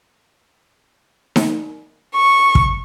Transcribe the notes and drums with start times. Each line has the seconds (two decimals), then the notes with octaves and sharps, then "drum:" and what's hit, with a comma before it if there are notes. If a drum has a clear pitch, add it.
1.36 drum: snare D#4
2.15 C#6
2.55 drum: kick